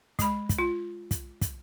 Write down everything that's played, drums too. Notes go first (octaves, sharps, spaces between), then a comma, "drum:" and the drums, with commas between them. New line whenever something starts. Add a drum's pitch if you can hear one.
G#3 B5, drum: kick, hi-hat
drum: kick, hi-hat
F4
drum: kick, hi-hat
drum: kick, hi-hat